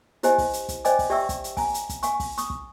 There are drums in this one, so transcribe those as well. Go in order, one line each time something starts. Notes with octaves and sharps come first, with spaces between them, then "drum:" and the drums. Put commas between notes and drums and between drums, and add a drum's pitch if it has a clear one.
E4 G4 C5 D#5 G#5, drum: hi-hat
drum: kick, open hi-hat
drum: hi-hat
drum: kick, hi-hat
C5 D5 D#5 G5 G#5 D6, drum: hi-hat
drum: kick, open hi-hat
G4 D5 E5 G5 C#6 E6
drum: kick, hi-hat
drum: hi-hat
G#5 A#5, drum: kick, open hi-hat
drum: hi-hat
drum: kick, hi-hat
F5 G#5 C#6, drum: hi-hat
drum: kick, open hi-hat
C#6 D#6, drum: hi-hat
drum: kick